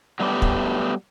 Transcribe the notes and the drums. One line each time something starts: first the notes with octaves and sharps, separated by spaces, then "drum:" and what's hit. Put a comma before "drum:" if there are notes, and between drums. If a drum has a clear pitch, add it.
F#3 G3 A3 B3 F4 G4
drum: kick